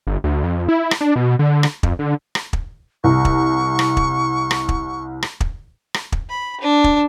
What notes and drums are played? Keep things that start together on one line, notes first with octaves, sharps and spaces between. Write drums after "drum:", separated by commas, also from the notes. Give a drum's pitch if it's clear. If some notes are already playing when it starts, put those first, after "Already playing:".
G1
D2
F2
E4
drum: rim click
D4
B2
D3
drum: rim click
F2, drum: kick
D3
drum: rim click
drum: kick
C2 C#6
drum: kick
drum: rim click
drum: kick
drum: rim click
drum: kick
drum: rim click
drum: kick
drum: rim click
drum: kick
B5
D4
drum: kick